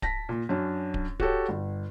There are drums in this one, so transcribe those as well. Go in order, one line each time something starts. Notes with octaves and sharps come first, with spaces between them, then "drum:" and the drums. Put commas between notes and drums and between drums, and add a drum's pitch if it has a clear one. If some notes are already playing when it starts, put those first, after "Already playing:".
A5 A#6 B6, drum: kick D1
A#2
F#2 C#4 D4
drum: kick D1
F#4 G4 A4 C#5, drum: kick D1
G1